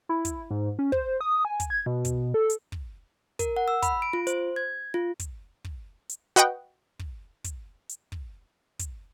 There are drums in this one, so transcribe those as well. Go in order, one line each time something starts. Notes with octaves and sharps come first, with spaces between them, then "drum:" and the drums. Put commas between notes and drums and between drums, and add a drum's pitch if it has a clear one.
E4
drum: kick, hi-hat
G#2
C#4
C5, drum: kick
D#6
G#5
drum: kick, hi-hat
G#6
B2
drum: kick, hi-hat
A4
drum: hi-hat
drum: kick
A#4, drum: kick, hi-hat
F#5
E6
B5, drum: kick, hi-hat
D7
F4
C5, drum: hi-hat
G#6
F4
drum: kick, hi-hat
drum: kick
drum: hi-hat
F#4 B4 D#5 F#5 G5
drum: kick
drum: kick, hi-hat
drum: hi-hat
drum: kick
drum: kick, hi-hat